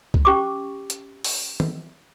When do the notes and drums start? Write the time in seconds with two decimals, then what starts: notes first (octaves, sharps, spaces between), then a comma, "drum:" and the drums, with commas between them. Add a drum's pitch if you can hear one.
0.14 drum: kick C2
0.25 C#4 G4 C#6 D6
0.90 drum: hi-hat
1.24 drum: open hi-hat
1.60 drum: tom